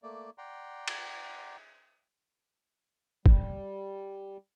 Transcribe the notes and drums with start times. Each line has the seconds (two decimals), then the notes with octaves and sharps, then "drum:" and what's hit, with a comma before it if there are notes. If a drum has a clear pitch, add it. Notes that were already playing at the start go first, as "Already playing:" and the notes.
0.03 A3 A#3 D5
0.38 D5 F#5 G5 A#5 C6
0.88 drum: cymbal
3.26 G3, drum: kick